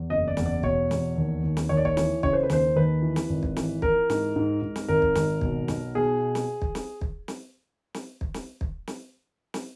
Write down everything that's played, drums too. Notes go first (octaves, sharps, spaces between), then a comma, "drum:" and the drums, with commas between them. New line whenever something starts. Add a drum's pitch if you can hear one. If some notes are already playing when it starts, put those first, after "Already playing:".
Already playing: E2
F#1 D#5
D5
E2, drum: snare
D5
B2 C#5, drum: kick
E2, drum: snare
D#2
D#2
drum: snare
D#2 C#5
D5
C#5, drum: kick
E3, drum: snare
C#3 C#5, drum: kick
C5
B4
D#2 C5, drum: snare
D#2 B4
E3
drum: snare
G#1
drum: kick
E3, drum: snare
E3 A#4, drum: kick
G#2, drum: snare
G#2
G#2
drum: snare
G#1 A#4
drum: kick
G#1, drum: snare
B2, drum: kick
B1, drum: snare
B2 G#4
drum: snare
drum: kick
drum: snare
drum: kick
drum: snare
drum: snare
drum: kick
drum: snare
drum: kick
drum: snare
drum: snare